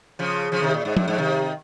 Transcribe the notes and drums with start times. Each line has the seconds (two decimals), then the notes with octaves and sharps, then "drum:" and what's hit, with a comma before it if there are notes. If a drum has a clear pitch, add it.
0.19 C#3 F3
0.52 C#3 F3
0.62 C3 D#3
0.74 A#2
0.85 G#2
0.97 F#2, drum: tom
1.08 G#2
1.18 C3 D#3